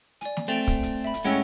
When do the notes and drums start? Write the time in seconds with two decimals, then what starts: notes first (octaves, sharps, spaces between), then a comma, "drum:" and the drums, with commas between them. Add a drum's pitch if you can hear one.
0.21 D5 G#5, drum: hi-hat
0.37 drum: snare
0.48 A3 C4 G5 A6 F7
0.68 drum: kick, hi-hat
0.83 drum: hi-hat
1.04 E5 B5
1.14 drum: hi-hat
1.24 A2 G#3 C#4 F#5 G5 E6